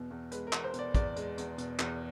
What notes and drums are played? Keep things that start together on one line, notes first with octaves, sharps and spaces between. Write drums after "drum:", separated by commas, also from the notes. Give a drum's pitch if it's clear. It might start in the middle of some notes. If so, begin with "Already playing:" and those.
Already playing: E2 B2
E2
G#3 B4, drum: hi-hat
A#4
E2, drum: clap
C5
B2, drum: hi-hat
D5
E2 D5, drum: kick, hi-hat
G#3, drum: hi-hat
E2, drum: hi-hat
B2, drum: hi-hat
E2, drum: clap